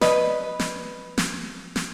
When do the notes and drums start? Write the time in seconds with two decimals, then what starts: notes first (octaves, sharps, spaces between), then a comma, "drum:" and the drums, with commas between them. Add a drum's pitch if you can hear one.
0.01 B4 D#5, drum: snare
0.59 drum: snare
1.18 drum: snare
1.76 drum: snare